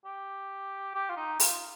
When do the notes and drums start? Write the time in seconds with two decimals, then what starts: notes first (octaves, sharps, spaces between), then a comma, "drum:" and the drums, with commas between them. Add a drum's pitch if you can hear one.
0.05 G4
0.95 G4
1.10 F4
1.17 D#4
1.40 F4, drum: open hi-hat